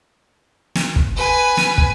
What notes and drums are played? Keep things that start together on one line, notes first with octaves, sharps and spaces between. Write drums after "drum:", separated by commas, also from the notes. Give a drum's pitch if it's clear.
drum: snare
drum: kick
B4 G#5
drum: snare
drum: kick